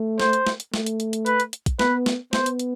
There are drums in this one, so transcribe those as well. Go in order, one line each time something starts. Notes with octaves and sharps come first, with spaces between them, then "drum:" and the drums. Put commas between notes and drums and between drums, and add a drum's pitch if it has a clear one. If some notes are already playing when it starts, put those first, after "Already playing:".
Already playing: A3
C5, drum: snare
drum: hi-hat
drum: snare
drum: hi-hat
A3, drum: snare
drum: hi-hat
drum: hi-hat
drum: hi-hat
B4, drum: hi-hat
drum: hi-hat
drum: hi-hat
drum: kick, hi-hat
B3 B4, drum: snare
drum: snare
B3 C5, drum: snare
drum: hi-hat
drum: hi-hat